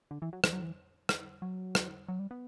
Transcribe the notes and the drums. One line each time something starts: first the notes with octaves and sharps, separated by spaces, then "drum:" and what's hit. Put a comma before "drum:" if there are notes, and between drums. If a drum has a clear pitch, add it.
D3
E3
F#3
E3, drum: rim click
F#3
E3
drum: rim click
F#3
drum: rim click
F#3
G3
B3